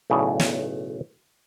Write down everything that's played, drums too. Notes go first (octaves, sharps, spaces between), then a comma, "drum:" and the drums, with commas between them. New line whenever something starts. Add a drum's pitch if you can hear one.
B1 A2 C#3 D5
drum: snare